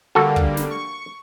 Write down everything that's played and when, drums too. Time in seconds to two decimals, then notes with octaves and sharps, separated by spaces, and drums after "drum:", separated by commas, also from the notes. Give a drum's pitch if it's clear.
0.15 D3 G3 A#3 F#4 A4
0.36 drum: kick
0.57 drum: snare
0.70 C#6